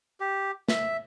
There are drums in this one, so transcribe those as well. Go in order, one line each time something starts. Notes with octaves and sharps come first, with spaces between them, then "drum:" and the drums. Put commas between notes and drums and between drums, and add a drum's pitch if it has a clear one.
G4
E5, drum: snare